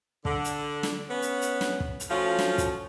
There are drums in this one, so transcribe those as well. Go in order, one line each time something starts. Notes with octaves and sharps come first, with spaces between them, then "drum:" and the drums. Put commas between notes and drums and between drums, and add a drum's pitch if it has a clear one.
D3, drum: kick
drum: hi-hat
drum: snare
B3 C#4
drum: hi-hat
drum: hi-hat
drum: snare
drum: kick
drum: hi-hat
F3 A3 C#4 F4 F#4
drum: snare
drum: kick, hi-hat